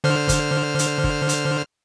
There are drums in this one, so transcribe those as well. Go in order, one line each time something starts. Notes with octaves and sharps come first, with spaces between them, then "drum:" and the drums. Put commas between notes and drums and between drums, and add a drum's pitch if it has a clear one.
D3 C5 F6
drum: kick G1, hi-hat
drum: hi-hat
drum: kick G1
drum: hi-hat